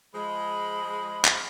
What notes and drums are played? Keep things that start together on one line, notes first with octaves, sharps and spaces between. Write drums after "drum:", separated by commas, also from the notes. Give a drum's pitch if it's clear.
F3 G#3 B5
drum: clap